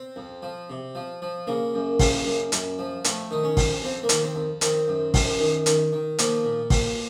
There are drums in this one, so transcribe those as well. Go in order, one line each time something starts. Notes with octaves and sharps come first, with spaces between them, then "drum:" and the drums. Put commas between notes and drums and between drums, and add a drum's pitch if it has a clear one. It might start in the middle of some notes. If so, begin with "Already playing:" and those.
Already playing: C4
F2
F3
C3
F3
F3
C#3 A#3
F#2
C#3, drum: kick, open hi-hat
F#2
F#2, drum: hi-hat
F3
F2 A3, drum: hi-hat
D#3 D#4
C#4
F2, drum: kick, open hi-hat
F2 C4
A#3
D#3, drum: hi-hat
C4
F2
D#3 C4, drum: hi-hat
F#2
F#2, drum: kick, open hi-hat
D#3
D#3, drum: hi-hat
D#3
F3 A#3, drum: hi-hat
A#2
A#2, drum: kick, open hi-hat